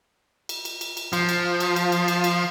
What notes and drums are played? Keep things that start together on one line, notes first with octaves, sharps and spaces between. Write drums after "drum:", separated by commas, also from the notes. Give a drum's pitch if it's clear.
drum: cymbal
drum: cymbal
drum: cymbal
drum: cymbal
F3, drum: cymbal
drum: cymbal
drum: cymbal
drum: cymbal
drum: cymbal
drum: cymbal
drum: cymbal